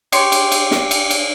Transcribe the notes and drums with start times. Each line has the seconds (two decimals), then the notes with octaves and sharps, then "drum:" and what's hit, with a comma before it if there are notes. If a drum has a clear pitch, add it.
0.12 G4 C#5 C6, drum: cymbal
0.32 drum: cymbal
0.52 drum: cymbal
0.71 drum: snare
0.91 drum: cymbal
1.10 drum: cymbal